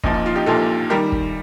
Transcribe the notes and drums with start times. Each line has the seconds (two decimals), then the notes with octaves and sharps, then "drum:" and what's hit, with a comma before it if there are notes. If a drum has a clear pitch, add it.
0.04 A#1 A#2 F3 D#4, drum: kick
0.14 D#4
0.26 F4
0.36 D#4 G4
0.46 A#1 A#2 F3 F4 A4
0.90 D#3 G3 G4 A#4
1.12 drum: kick